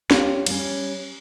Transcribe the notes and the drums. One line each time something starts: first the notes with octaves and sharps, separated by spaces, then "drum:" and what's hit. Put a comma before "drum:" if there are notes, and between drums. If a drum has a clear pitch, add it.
C#4 D4 F4 G4, drum: snare
G3 C#4, drum: cymbal